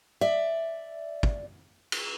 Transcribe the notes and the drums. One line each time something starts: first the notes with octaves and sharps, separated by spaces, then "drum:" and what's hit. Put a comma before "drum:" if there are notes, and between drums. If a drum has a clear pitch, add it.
D5 E5
drum: kick
drum: cymbal